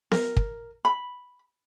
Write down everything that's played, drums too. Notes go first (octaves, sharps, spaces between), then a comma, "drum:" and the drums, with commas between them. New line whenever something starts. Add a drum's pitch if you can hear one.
A#4, drum: snare B3
drum: kick
B5